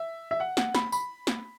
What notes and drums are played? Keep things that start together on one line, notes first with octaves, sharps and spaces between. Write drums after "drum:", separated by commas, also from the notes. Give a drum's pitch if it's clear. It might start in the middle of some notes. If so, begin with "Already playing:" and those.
Already playing: E5
E5
F#5
F#5, drum: snare
B5, drum: snare
B5, drum: tambourine
drum: snare